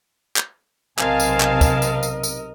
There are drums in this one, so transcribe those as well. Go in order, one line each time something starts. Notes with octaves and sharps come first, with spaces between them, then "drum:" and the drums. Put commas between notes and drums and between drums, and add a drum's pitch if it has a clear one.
drum: clap
B1 C3 C4 A#4 D#5 F5 G#5 A5, drum: clap
drum: tambourine
drum: clap
drum: kick, tambourine
drum: tambourine
drum: tambourine
drum: tambourine